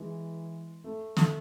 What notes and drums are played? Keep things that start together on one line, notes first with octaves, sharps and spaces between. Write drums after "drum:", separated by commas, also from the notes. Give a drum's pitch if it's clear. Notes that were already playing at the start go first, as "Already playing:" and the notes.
Already playing: E3 G#3
A3
A3, drum: snare